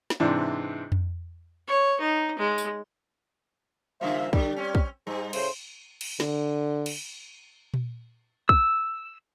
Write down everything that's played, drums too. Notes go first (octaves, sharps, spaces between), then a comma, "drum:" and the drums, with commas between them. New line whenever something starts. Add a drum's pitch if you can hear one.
drum: snare
G#2 C3 E3 D4
drum: tom F2
C#5
D#4
G#3
drum: tambourine
C#3 G3 A#3 F4 C5 E5
D3 G3, drum: kick
C4 C#4
drum: kick
G#2 G3
A2 C#3 C5, drum: cymbal
drum: cymbal
D3, drum: snare
drum: cymbal
drum: tom A#2
E6, drum: kick